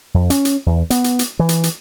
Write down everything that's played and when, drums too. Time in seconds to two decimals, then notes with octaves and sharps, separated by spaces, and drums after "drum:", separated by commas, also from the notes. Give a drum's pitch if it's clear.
0.14 F2
0.30 C#4, drum: hi-hat
0.45 drum: hi-hat
0.66 E2
0.90 B3, drum: hi-hat
1.04 drum: hi-hat
1.19 drum: hi-hat
1.39 E3
1.49 drum: hi-hat
1.63 drum: hi-hat